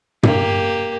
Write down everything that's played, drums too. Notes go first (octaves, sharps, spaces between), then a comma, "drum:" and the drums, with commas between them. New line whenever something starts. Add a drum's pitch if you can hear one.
A#3 G4, drum: tom